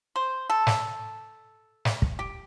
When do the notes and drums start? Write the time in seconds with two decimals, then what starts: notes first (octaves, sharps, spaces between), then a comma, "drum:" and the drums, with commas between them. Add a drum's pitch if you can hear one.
0.16 C5
0.50 A4
0.67 drum: snare
1.85 drum: snare
2.02 drum: kick
2.19 G4